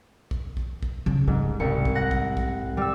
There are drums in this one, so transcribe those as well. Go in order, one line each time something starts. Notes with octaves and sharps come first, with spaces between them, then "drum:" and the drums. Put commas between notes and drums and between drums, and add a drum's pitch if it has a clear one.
drum: kick
drum: kick
drum: kick
C#3
G#2 G3
C2 C#7
drum: kick
F#5 A#6
drum: kick
drum: kick
G3 E6